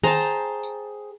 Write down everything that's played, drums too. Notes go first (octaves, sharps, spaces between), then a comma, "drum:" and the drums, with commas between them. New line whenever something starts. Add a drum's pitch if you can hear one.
G#4 C5 G5 A5 A#5, drum: tom D#3
drum: tambourine